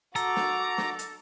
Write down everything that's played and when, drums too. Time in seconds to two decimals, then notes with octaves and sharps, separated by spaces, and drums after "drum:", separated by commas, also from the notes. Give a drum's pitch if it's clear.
0.16 F#4 A4 A#5 D6, drum: hi-hat
0.36 drum: snare
0.78 drum: snare
0.99 drum: hi-hat